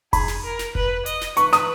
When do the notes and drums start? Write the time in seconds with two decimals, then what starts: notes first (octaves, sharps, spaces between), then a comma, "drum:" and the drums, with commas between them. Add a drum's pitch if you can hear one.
0.13 G#4 B5, drum: kick F1, open hi-hat
0.28 drum: snare
0.44 A#4
0.59 drum: snare
0.75 B4, drum: kick F1
1.06 D#5, drum: hi-hat
1.21 drum: snare
1.37 B4 C#6, drum: hi-hat
1.53 D#6, drum: snare